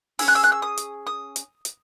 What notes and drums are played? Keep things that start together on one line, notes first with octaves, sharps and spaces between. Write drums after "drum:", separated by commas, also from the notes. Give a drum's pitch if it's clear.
C#4 E4 G#4 E6, drum: open hi-hat
F#6
E6
F#6
E6
D#6
drum: hi-hat
D#6
drum: hi-hat
drum: hi-hat